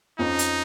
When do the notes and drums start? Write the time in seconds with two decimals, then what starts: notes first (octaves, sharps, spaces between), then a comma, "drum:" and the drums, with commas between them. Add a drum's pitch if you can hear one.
0.19 F2 F3 C#4 D#4 F4
0.39 drum: hi-hat